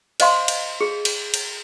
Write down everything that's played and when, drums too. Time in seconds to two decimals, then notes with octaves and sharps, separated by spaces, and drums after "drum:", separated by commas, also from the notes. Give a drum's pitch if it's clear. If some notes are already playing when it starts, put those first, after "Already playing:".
0.20 C5 D#5 F5 C6, drum: cymbal
0.48 drum: cymbal
0.81 G#4
1.05 drum: cymbal
1.34 drum: cymbal